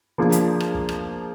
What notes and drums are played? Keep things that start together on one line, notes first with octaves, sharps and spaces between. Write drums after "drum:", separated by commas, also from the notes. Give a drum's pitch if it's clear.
F3 A#3 D4 F4 G#4
drum: hi-hat
drum: rim click
drum: kick
drum: rim click